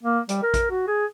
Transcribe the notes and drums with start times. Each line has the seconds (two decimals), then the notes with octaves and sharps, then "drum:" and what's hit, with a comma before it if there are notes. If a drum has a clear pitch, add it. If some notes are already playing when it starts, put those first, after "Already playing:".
0.03 A#3
0.29 G3, drum: hi-hat
0.43 A#4
0.54 drum: kick A1, hi-hat
0.70 F#4
0.87 G#4